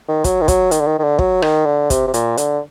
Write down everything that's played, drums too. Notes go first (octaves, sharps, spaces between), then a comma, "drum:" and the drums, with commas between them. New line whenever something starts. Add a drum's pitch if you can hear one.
D#3
F#3, drum: kick, hi-hat
D#3
F#3, drum: kick, hi-hat
D#3, drum: hi-hat
D3
D#3
D#3
D3
F#3, drum: kick
D#3, drum: rim click
D3
C3, drum: kick, hi-hat
C3
A#2, drum: hi-hat
D3, drum: hi-hat